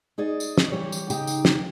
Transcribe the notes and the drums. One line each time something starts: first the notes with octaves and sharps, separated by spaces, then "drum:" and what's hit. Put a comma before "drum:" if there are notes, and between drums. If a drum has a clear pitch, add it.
D#4 G#4 D5
drum: tambourine
drum: snare
E3 G3 G4 C#5
drum: tambourine
C#3 D#4 G4 G5, drum: tambourine
drum: tambourine
drum: snare